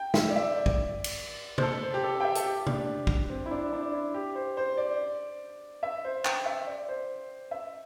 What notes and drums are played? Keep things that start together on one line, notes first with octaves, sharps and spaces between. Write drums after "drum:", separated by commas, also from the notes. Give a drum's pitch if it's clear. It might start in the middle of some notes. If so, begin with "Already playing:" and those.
Already playing: G5
E5, drum: snare
D5
E5
D5
drum: kick
drum: cymbal
C5, drum: tom C3
A4
A4
C5
G4
A4
A4
G5
E5
A4, drum: hi-hat
G4
D4, drum: tom C3
drum: kick
C4
E4
D4
D4
E4
G4
C5
C5
D5
E5
C5
G5, drum: clap
E5
D5
C5
E5